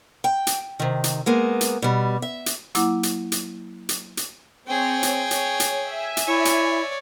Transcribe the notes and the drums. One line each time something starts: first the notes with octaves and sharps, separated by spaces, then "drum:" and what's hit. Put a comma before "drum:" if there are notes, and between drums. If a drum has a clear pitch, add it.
G5
drum: hi-hat
C3 D#3
drum: hi-hat
G#3 A#3 B3
drum: hi-hat
B2 G3
E5
drum: hi-hat
F#3 A#3 E4 F#5 D6, drum: hi-hat
drum: hi-hat
drum: hi-hat
drum: hi-hat
drum: hi-hat
C4 G#4 C#5 G5
drum: hi-hat
C#5, drum: hi-hat
drum: hi-hat
E5 G#5
drum: hi-hat
E4 C#5 D5
drum: hi-hat